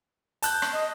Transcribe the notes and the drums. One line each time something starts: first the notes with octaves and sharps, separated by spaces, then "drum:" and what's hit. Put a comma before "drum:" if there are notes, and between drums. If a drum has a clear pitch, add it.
A5 F#6 G6, drum: hi-hat
drum: rim click
D#5